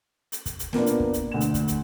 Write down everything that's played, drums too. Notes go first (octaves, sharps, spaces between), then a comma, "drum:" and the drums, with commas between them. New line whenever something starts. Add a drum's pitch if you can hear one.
drum: hi-hat
drum: kick, hi-hat
drum: hi-hat
A#2 A#3 B3 D4, drum: snare
drum: hi-hat
drum: kick
drum: hi-hat
D2 E7
drum: hi-hat
drum: kick, hi-hat
drum: hi-hat